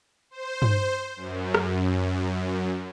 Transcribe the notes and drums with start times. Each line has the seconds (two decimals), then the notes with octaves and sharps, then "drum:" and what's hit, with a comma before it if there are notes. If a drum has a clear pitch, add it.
0.31 C5
0.62 drum: tom G2
1.16 F#2
1.54 drum: rim click